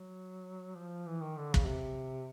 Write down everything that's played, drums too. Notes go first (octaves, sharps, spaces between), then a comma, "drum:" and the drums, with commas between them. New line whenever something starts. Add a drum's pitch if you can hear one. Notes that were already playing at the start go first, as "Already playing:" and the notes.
Already playing: F#3
F3
E3
D#3
D3
C#3, drum: kick
C3